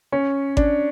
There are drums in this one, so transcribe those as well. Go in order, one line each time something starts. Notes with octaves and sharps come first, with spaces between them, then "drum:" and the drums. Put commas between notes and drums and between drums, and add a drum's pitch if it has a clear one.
C#4
D4, drum: kick G#1